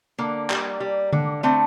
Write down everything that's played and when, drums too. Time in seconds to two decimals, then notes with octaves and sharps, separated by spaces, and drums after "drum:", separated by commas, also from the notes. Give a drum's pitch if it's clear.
0.19 D3 A#3
0.50 G3, drum: clap
0.80 G3
1.13 D3, drum: tom D3
1.43 D3 A3 C4